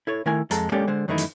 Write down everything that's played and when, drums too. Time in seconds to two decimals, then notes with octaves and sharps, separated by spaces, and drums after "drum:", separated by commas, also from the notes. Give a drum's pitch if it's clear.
0.07 E4 A4 C#5
0.26 D#3 A3 E4 A#4 G#5
0.51 F2 G#3 A4 A#5, drum: hi-hat
0.72 G#3 A#3 C#4 G4 A4 D5
0.88 D3 G#3 C5
1.08 F#2 D#3 E3 A3 D#4 E4
1.18 drum: hi-hat